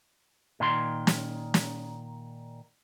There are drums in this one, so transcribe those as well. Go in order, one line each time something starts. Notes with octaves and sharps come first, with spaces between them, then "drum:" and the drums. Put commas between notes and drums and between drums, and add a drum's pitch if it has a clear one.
A#2 D#3 C6
drum: snare
drum: snare